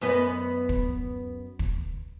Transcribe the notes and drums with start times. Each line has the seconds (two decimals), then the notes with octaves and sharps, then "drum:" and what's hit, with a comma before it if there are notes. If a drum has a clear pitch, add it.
0.01 F#2 B3 D#5
0.69 drum: kick
1.59 drum: kick